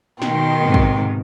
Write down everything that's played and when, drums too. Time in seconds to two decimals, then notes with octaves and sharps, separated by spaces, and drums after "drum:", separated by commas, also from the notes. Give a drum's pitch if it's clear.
0.22 B2 D#3 G5 C6, drum: snare
0.63 G#2 C3
0.74 drum: kick